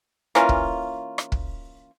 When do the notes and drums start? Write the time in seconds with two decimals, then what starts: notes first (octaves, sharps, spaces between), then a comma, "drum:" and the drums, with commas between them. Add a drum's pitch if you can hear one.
0.35 E3 A#3 C#4 F4, drum: rim click
0.49 drum: kick
1.18 drum: rim click
1.32 drum: kick